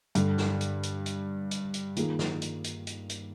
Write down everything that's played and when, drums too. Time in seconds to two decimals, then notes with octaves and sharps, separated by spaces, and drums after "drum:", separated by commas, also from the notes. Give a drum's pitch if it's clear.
0.15 G2 D3 G3, drum: hi-hat
0.38 drum: snare
0.61 drum: hi-hat
0.83 drum: hi-hat
1.06 drum: hi-hat
1.51 drum: hi-hat
1.74 drum: hi-hat
1.97 D#3 A#3 F4 G#4, drum: hi-hat
2.19 drum: snare
2.42 drum: hi-hat
2.64 drum: hi-hat
2.87 drum: hi-hat
3.10 drum: hi-hat